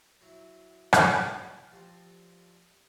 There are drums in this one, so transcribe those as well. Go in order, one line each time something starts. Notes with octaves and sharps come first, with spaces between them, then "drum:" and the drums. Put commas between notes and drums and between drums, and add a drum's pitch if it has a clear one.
F#3 E4
drum: rim click
F3 G3 C4